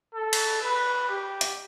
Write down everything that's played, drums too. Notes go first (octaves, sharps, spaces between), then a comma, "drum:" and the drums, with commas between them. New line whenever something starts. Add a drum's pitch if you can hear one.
A4
drum: cymbal
B4
G4
drum: hi-hat